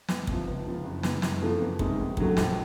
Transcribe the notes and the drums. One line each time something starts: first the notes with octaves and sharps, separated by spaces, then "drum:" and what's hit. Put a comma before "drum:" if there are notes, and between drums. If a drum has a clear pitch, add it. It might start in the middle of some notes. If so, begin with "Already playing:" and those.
E2, drum: snare
C3 F3, drum: kick
C#2
C#3 F3
F#1
E2 C#3, drum: snare
F#1, drum: snare
F2 C#3 F3 A3
E2
C3 D#3 G#3 C#4, drum: kick
F1
D#2 D3 F#3 A3, drum: kick
A#1, drum: snare